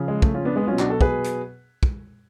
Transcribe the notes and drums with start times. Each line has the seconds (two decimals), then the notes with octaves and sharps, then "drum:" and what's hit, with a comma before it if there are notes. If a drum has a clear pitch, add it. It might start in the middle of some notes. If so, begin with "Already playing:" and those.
Already playing: C#3 F3
0.08 G#3
0.22 A3, drum: kick
0.34 C#4 F4
0.45 B3 D4
0.56 G#3 B3
0.67 B2 F#3 C#4 F4
0.79 D4 F#4, drum: clap
0.89 F#4 A4
1.01 G#4 B4, drum: kick
1.24 drum: hi-hat
1.83 drum: kick